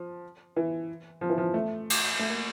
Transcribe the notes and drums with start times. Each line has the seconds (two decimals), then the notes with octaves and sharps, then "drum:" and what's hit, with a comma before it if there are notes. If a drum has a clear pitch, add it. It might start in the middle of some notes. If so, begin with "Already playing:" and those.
Already playing: F3
0.56 E3
1.21 F3
1.30 E3
1.38 F3
1.54 A3
1.90 drum: cymbal
2.19 A3
2.30 A#3